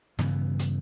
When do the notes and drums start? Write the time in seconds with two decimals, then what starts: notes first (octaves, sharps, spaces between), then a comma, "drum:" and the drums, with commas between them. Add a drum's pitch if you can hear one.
0.19 G2 C#3 E3 B3, drum: snare
0.59 drum: hi-hat